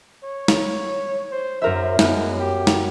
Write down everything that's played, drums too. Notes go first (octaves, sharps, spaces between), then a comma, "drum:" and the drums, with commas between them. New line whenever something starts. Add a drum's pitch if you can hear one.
C#5
drum: snare
C5
F#2 A#4 C5 E5
F#2 G#3 B3, drum: snare
G4
drum: snare